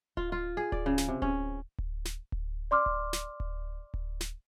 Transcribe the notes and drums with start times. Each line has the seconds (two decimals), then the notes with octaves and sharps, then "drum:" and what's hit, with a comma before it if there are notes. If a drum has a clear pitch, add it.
0.17 F4, drum: kick D1
0.32 F4
0.57 G#4
0.72 D5, drum: kick D1
0.86 C#3
0.98 drum: snare
1.08 C3
1.22 C#4, drum: kick D1
1.78 drum: kick D1
2.05 drum: snare
2.32 drum: kick D1
2.71 D5 C6 D6 F6
2.86 drum: kick D1
3.13 drum: snare
3.40 drum: kick D1
3.94 drum: kick D1
4.21 drum: snare